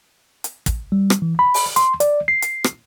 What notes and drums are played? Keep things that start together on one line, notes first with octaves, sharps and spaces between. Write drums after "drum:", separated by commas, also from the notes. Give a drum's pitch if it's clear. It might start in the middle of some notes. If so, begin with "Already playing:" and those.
drum: hi-hat
drum: kick, hi-hat
G3
drum: rim click
E3
B5
drum: open hi-hat
C6, drum: hi-hat
D5, drum: hi-hat
C7
drum: hi-hat
drum: rim click